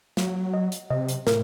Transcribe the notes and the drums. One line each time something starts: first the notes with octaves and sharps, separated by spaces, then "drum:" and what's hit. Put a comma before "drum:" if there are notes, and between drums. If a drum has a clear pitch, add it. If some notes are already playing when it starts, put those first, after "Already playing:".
F#3 F#4, drum: snare
D#5
drum: hi-hat
C3 D#5
drum: hi-hat
A2 A#4, drum: snare